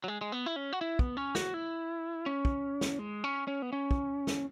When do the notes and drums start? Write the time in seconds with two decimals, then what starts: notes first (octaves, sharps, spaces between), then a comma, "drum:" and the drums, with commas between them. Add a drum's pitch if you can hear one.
0.04 F#3
0.08 G#3
0.21 G#3
0.32 B3
0.46 E4
0.56 C#4
0.73 F#4
0.81 E4
0.99 B3, drum: kick
1.17 C#4
1.35 F#4, drum: snare
1.54 E4
2.26 C#4
2.45 drum: kick
2.81 drum: snare
2.99 G#3
3.24 C#4
3.48 C#4
3.62 B3
3.73 C#4
3.91 drum: kick
4.27 drum: snare